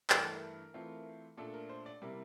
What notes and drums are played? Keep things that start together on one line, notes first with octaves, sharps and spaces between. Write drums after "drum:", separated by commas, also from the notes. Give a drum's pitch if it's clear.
G2 E3 A3 A#4, drum: clap
A4
A#4
E3 A3 C4 F4
A#2 A3 D4 A4
A#4
C5
D5
C3 G3 A#3 E4